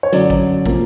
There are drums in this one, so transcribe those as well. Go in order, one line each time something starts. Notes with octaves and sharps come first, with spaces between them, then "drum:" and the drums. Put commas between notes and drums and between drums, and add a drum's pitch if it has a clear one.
C#5
F#2 D3 F#3 D5, drum: hi-hat
drum: kick
C3 F3 A#3, drum: kick